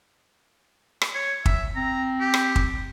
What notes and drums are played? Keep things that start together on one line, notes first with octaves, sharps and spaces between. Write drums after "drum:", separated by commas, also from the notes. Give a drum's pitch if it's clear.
drum: rim click
C#5
E5, drum: kick
C4 A#5
G4
drum: rim click
drum: kick